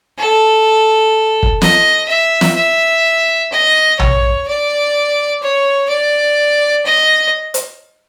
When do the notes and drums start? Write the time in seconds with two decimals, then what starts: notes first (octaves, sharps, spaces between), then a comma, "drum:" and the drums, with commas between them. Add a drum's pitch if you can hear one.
0.18 A4
1.43 drum: kick
1.62 D#5, drum: snare
2.08 E5
2.41 drum: snare
2.56 E5
3.52 D#5
3.99 C#5, drum: tom A#1
4.47 D5
5.42 C#5
5.89 D5
6.86 D#5
7.54 drum: hi-hat